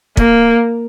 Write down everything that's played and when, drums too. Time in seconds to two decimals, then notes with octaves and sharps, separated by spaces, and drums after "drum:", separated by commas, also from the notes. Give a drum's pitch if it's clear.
0.17 A#3, drum: kick